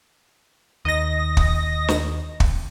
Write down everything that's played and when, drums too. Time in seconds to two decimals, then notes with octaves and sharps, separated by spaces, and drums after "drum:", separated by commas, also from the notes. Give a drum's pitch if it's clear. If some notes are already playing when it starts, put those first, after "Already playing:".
0.85 D#2 D#5 A#6
1.37 drum: kick
1.88 drum: snare
2.40 drum: kick